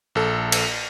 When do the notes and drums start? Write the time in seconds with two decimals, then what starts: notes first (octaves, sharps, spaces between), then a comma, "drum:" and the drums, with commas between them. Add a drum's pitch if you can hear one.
0.15 A#1 A4
0.52 drum: cymbal